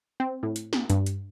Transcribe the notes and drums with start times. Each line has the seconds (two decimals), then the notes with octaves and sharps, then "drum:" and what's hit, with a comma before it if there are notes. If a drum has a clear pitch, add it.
0.20 C4
0.43 A2
0.56 drum: hi-hat
0.73 drum: snare
0.90 G2, drum: hi-hat
1.06 drum: hi-hat